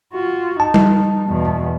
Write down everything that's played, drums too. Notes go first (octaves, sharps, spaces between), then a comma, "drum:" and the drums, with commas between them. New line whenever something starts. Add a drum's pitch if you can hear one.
F4 F#4
D#4 A5
drum: tom G3
E2 B2